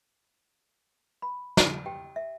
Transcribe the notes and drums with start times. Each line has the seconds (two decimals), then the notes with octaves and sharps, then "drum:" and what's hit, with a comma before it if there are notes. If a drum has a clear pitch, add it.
1.22 B5
1.57 drum: snare
1.86 G4 G5
2.16 E5